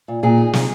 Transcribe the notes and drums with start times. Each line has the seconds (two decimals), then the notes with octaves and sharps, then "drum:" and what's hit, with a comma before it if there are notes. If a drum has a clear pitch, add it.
0.08 A#2
0.23 A#2 G#4
0.38 D#4
0.53 D#4, drum: snare